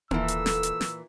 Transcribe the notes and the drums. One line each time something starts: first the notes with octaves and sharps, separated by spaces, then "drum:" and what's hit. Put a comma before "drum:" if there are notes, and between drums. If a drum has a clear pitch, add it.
D#1 A#2 E3 A4 E6, drum: tom A#3
drum: hi-hat
drum: snare
drum: hi-hat
drum: snare